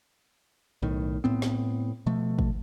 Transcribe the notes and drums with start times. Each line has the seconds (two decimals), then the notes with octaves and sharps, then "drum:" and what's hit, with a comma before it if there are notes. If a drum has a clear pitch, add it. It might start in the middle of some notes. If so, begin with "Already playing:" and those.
0.82 B1 A2 D#3
1.24 A2 B3 C4
1.42 drum: snare
2.06 B2 F3 A3
2.39 drum: kick G#1